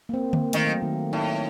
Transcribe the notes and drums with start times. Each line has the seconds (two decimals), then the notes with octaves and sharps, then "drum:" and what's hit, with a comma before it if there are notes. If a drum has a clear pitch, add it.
0.09 A#3
0.14 C4
0.33 A#3, drum: tom D3
0.53 D#3 A3, drum: hi-hat
0.67 F#3
0.82 D#3
1.12 A2 D#4